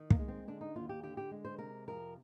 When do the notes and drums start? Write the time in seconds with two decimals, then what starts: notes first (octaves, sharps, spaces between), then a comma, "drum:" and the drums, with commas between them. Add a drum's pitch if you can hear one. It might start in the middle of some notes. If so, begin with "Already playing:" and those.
Already playing: D#3
0.10 A#3, drum: kick
0.19 G#3
0.28 C4
0.48 D3 D4
0.61 D#4
0.75 D#2 F4
0.89 G4
1.03 D3 G4
1.17 G4
1.31 G#3
1.45 C5
1.59 C3 A#4
1.88 F2 A#4